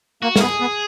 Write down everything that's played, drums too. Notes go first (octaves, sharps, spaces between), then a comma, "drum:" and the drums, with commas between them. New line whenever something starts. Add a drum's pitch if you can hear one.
A#3 F#4
A#3, drum: snare
B3 G#4
B3